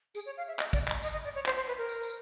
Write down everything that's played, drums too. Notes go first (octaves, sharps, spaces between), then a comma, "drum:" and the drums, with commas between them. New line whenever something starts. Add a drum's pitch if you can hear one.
G#4, drum: tambourine
C#5
F5
E5
D#5, drum: clap
D5, drum: kick, tambourine
D#5, drum: clap
D#5, drum: tambourine
D#5
D5
C#5
C5, drum: clap
C5
B4
A#4
drum: tambourine
drum: tambourine